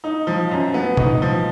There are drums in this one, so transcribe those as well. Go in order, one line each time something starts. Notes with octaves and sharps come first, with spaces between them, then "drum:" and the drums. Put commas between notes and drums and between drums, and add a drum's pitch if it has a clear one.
D#4
F3
F#2
B3
D#4, drum: tom
F3